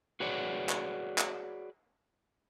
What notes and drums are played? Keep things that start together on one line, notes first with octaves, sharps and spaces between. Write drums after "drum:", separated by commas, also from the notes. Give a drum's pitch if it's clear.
F#4 G#4 B4 C#5 D5 F#5
drum: clap
drum: clap